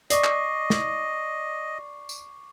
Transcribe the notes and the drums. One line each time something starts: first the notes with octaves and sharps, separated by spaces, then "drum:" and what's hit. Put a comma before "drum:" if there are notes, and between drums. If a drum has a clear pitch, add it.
D5 D#5 C#6 D6 C7, drum: hi-hat
drum: clap
drum: snare
drum: tambourine